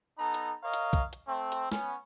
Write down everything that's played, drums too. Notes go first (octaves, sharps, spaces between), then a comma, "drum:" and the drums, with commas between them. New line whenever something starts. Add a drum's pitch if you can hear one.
B3 D#4 A4 A#5
drum: hi-hat
A#4 C#5 D#5 F5
drum: hi-hat
drum: kick, hi-hat
drum: hi-hat
A3 C4
drum: hi-hat
B3 C#4, drum: snare